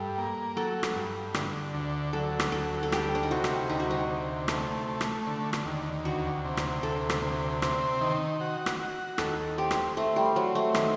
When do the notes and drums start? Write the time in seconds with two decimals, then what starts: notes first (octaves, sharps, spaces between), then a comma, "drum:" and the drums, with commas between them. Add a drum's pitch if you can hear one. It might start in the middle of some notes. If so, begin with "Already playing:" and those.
Already playing: G2 G4 A4
0.18 A#3
0.56 F#3 A4
0.83 drum: rim click
0.96 G2
1.34 D3, drum: rim click
1.74 D2
2.13 F#3 A4
2.39 drum: rim click
2.52 D2 A4
2.83 A4
2.92 G3 G4, drum: rim click
3.15 D4
3.23 D#4
3.31 C3 F#4
3.44 drum: rim click
3.70 D2 D#4
3.80 F#4
3.91 D#4
4.09 C3
4.48 A3, drum: rim click
4.88 A3
5.01 drum: rim click
5.27 D3
5.53 drum: rim click
5.65 D#2
6.05 D2 F#4
6.45 C3
6.57 drum: rim click
6.83 D2 A4
7.10 drum: rim click
7.22 C3
7.62 C4, drum: rim click
8.01 D#3
8.41 F#4
8.66 drum: rim click
8.79 F#4
9.18 D#2 A4, drum: rim click
9.57 C4 G4
9.71 drum: rim click
9.96 A3 C4
10.16 G3
10.36 F#3 C4
10.55 A3
10.74 D#3, drum: rim click